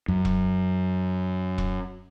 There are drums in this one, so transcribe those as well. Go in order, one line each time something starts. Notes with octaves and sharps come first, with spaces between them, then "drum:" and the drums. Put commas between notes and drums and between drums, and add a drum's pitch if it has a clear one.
F#2
drum: kick E1
drum: kick E1